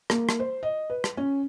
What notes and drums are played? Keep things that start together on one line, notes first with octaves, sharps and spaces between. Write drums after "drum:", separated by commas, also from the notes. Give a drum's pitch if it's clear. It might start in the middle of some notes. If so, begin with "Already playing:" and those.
A#3, drum: rim click
drum: rim click
C5
D#5
B4
drum: rim click
C#4